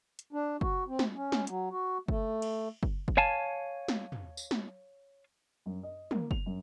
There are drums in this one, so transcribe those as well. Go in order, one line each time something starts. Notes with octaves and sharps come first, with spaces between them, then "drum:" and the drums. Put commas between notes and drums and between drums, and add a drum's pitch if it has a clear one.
drum: hi-hat
D4
F#4, drum: kick F#1
C4
drum: snare
C#4
drum: snare
F#3, drum: hi-hat
F#4
A3, drum: kick F#1
drum: cymbal
drum: kick F#1
drum: kick F#1
C#5 F5 G#5 A5
drum: snare
drum: tom
drum: tambourine
drum: snare
F#2
D#5
A#3, drum: tom
F7, drum: kick F#1
F#2